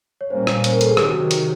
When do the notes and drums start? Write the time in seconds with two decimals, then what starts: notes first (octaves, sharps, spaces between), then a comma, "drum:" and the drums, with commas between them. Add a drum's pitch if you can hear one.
0.21 C#5
0.30 A#2 G3 A#3 C#4 C5
0.47 drum: rim click
0.64 C5, drum: hi-hat
0.72 A#4
0.81 A4, drum: hi-hat
0.89 G#4
0.97 C3 D#3 F#3 G4, drum: rim click
1.09 F#4
1.31 drum: hi-hat